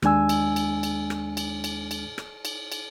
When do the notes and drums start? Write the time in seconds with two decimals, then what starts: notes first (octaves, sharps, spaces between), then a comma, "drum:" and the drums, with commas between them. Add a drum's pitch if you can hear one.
0.02 D#2 G#3 D4 G#5 E6, drum: rim click
0.29 drum: cymbal
0.56 drum: cymbal
0.83 drum: cymbal
1.10 drum: rim click
1.37 drum: cymbal
1.64 drum: cymbal
1.91 drum: cymbal
2.18 drum: rim click
2.45 drum: cymbal
2.72 drum: cymbal